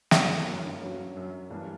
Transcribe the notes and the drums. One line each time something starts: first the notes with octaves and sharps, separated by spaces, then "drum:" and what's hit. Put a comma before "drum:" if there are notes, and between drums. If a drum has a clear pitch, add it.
G2 A#3 C#4 E4, drum: snare
F#2
G2
G2 F#3 C#4 F#4
F#2
G2 E3 G3 A#3 D4